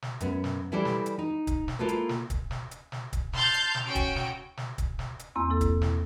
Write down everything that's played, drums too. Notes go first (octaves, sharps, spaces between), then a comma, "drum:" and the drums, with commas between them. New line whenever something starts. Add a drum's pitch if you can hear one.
drum: snare
F#2 B3 C#4, drum: hi-hat
drum: snare
E3 G3 E4 A4 C5 D5
drum: snare
drum: hi-hat
D#4
drum: kick, hi-hat
drum: snare
A#3 E4 F4 A4 B4 C5
drum: hi-hat
drum: snare
drum: kick, hi-hat
drum: snare
drum: hi-hat
drum: snare
drum: kick, hi-hat
A5 C6 F6 G6 A6, drum: snare
drum: hi-hat
drum: snare
C#4 F#4 G5 D7
drum: kick, hi-hat
drum: snare
drum: snare
drum: kick, hi-hat
drum: snare
drum: hi-hat
E2 A#3 C4 E6
E4 A4
drum: kick, hi-hat
drum: snare